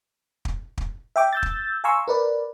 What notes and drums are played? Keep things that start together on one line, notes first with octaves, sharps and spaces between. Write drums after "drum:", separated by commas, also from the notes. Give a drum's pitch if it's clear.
drum: kick
drum: kick
E5 G5 D6
E6 G6 A6
drum: kick
F5 G#5 A#5 C6 C#6 E6
A#4 B4 D5